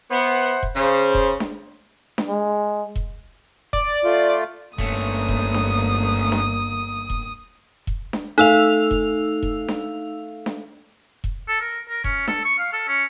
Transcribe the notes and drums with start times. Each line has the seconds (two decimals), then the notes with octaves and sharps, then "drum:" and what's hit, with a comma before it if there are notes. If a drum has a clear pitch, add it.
0.11 B3 C5 E5 F#5
0.63 drum: kick E1
0.75 C#3 C5
1.14 drum: kick E1
1.40 drum: snare D4
2.18 drum: snare D4
2.28 G#3
2.96 drum: kick E1
3.73 D5, drum: kick E1
4.04 A3 F4
4.78 G1 A3 A#3 C#4 D#6, drum: kick E1
5.28 drum: kick E1
5.54 drum: snare D4
6.32 drum: snare D4
7.10 drum: kick E1
7.87 drum: kick E1
8.13 drum: snare D4
8.38 A3 D#4 F5 E6 F7
8.91 drum: kick E1
9.43 drum: kick E1
9.68 drum: snare D4
10.46 drum: snare D4
11.24 drum: kick E1
11.48 A4
11.61 A#4
11.89 A#4
12.04 C#4, drum: kick E1
12.27 A4, drum: snare D4
12.45 C#6
12.59 F5
12.73 A4
12.88 C#4